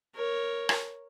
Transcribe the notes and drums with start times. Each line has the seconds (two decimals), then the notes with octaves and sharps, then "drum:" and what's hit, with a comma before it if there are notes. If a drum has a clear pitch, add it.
0.15 A#4 C#5
0.69 drum: rim click